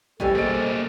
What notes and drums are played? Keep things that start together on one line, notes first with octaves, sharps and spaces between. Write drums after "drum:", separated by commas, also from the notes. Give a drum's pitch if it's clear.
F2 B2 G3 C#4 A4 G5, drum: kick A1
A#3 G#4 A6 D7